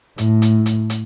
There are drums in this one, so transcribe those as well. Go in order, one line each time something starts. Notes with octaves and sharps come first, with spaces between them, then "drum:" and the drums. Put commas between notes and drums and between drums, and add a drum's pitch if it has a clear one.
A2, drum: hi-hat
drum: hi-hat
drum: hi-hat
drum: hi-hat